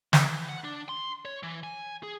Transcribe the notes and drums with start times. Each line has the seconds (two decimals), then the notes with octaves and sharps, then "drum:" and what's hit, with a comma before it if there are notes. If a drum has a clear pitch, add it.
0.13 E3, drum: snare
0.49 F#5
0.64 D4
0.89 C6
1.25 C#5
1.43 E3
1.63 G#5
2.03 G#4